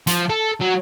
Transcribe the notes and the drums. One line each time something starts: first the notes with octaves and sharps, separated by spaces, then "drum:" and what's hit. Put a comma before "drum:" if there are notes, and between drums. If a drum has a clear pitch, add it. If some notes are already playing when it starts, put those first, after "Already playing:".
F3, drum: hi-hat
A4
F#3